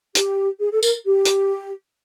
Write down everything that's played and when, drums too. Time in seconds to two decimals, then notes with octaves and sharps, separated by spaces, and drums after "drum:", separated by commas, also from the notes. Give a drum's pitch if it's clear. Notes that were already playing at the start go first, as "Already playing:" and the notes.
0.15 G4, drum: hi-hat
0.60 G#4
0.71 A4
0.83 A#4, drum: tambourine
1.06 G4
1.25 drum: hi-hat